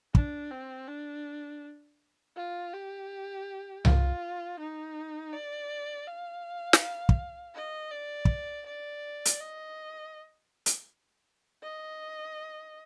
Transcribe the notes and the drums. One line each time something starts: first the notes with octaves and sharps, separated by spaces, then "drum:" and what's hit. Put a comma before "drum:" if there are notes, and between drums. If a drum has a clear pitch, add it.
D4, drum: kick
C4
D4
F4
G4
F4, drum: tom C2
D#4
D5
F5
drum: snare
drum: kick
D#5
D5
drum: kick
D5
drum: hi-hat
D#5
drum: hi-hat
D#5